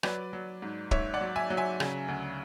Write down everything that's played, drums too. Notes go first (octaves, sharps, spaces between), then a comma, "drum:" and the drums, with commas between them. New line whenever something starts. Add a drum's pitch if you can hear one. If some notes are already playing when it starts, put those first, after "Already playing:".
F#3 B4 D5, drum: rim click
F#3
G#2
G#2 C#5 E5, drum: kick
D5 F#5
F#3
E5 G#5
F#3
E5 G#5
C#3, drum: rim click
D2